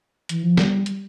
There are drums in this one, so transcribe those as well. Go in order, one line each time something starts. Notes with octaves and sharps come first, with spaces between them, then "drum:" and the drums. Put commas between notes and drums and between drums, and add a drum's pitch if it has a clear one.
E3, drum: hi-hat
F3
G3, drum: snare
drum: hi-hat